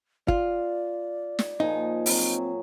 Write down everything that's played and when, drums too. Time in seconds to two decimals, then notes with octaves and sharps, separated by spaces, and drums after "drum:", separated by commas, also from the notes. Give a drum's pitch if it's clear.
0.28 F4 D5, drum: kick
1.39 drum: snare
1.60 A#2 F3 D#4 G#4
2.06 F#3 C4, drum: open hi-hat